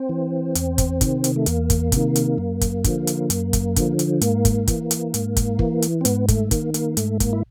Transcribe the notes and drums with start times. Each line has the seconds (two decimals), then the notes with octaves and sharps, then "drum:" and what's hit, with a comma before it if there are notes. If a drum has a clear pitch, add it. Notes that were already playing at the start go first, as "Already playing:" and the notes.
Already playing: C4
0.09 E3
0.55 E2, drum: hi-hat
0.78 drum: kick, hi-hat
1.01 C3 D#3, drum: kick, hi-hat
1.24 drum: hi-hat
1.36 A3
1.46 E2 A#3, drum: hi-hat
1.70 drum: kick, hi-hat
1.92 C3 D#3, drum: kick, hi-hat
2.16 drum: hi-hat
2.38 F#2
2.61 drum: kick, hi-hat
2.84 D3 F3, drum: kick, hi-hat
3.07 drum: hi-hat
3.30 F#2, drum: hi-hat
3.53 drum: kick, hi-hat
3.76 D3 F3, drum: kick, hi-hat
3.99 drum: hi-hat
4.21 G#2 A#3, drum: hi-hat
4.45 drum: kick, hi-hat
4.67 E3, drum: kick, hi-hat
4.91 drum: hi-hat
5.14 G#2, drum: hi-hat
5.36 drum: kick, hi-hat
5.59 E3, drum: kick
5.82 drum: hi-hat
6.01 C4
6.05 G#2 B3, drum: hi-hat
6.28 A3, drum: kick, hi-hat
6.51 D#3 A#3, drum: kick, hi-hat
6.74 A#3, drum: hi-hat
6.97 G#2 A3, drum: hi-hat
7.20 A#3, drum: kick, hi-hat
7.33 E4